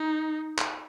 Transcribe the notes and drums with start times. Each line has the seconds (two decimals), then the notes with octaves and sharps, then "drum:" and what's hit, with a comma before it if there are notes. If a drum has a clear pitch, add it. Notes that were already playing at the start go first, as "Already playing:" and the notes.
Already playing: D#4
0.58 drum: clap